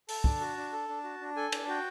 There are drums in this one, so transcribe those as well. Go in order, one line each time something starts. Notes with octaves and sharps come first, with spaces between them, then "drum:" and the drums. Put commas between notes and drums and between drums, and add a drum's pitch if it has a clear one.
A4 A5, drum: open hi-hat
D4, drum: kick
F#4
D4
A4
D4
F#4
D4
A4 G#5
D4, drum: cymbal
F#4 G5